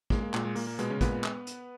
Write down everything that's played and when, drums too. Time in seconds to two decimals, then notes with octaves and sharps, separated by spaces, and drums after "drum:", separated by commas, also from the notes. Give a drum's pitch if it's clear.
0.10 G#3 A#3, drum: kick
0.23 A#3
0.34 A#2 G#3, drum: clap
0.45 G#3
0.55 A#2 A#3, drum: open hi-hat
0.67 A#3
0.78 B2 G#3 B3, drum: hi-hat
0.90 C#3 C#4
1.01 A#2 B3 B4, drum: kick, hi-hat
1.24 drum: clap
1.47 drum: hi-hat